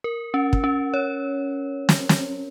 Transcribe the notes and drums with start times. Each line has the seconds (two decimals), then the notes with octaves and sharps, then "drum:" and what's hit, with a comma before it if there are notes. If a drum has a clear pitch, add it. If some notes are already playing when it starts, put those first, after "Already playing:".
0.04 A#4
0.34 C#4
0.53 drum: kick
0.64 C#4
0.94 C#5
1.89 drum: snare
2.09 drum: snare